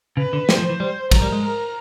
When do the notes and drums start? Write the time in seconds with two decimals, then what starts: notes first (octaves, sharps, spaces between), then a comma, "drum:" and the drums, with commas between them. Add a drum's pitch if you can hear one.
0.17 C#3 B4
0.33 D3
0.49 E3 C5, drum: snare
0.58 F3
0.69 E3
0.80 G3
1.12 F#3 A#4, drum: kick, cymbal
1.22 G3
1.32 G#3
1.42 A#4